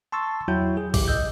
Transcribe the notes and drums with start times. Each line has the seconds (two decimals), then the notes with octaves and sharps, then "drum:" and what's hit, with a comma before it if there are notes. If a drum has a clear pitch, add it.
0.12 A5 C6 C#6 E6 A6
0.48 E2 F#3 E4 F#4 G5 G6
0.77 G#4
0.94 A1 G4 D6, drum: kick C2, open hi-hat
1.08 D#5 E6 G6